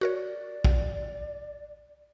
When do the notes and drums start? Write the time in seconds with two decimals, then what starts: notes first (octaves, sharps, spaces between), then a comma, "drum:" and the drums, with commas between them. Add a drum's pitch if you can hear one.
0.01 F#4 A#4 C#5 D5
0.64 drum: kick